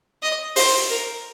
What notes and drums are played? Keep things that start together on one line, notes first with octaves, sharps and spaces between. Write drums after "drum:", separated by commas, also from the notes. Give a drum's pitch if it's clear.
D#5
C5, drum: open hi-hat
A#4